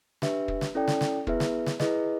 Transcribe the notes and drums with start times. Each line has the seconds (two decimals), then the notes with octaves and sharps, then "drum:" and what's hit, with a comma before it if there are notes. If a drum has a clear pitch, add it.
0.22 D4 G4 B4 E5, drum: snare
0.48 drum: kick
0.61 drum: snare
0.75 C#4 E4 A4 D5 G5
0.88 drum: snare
1.01 drum: snare
1.27 B3 E4 G#4 B4 E5, drum: kick
1.40 drum: snare
1.66 drum: snare
1.80 E4 G#4 B4 D#5, drum: snare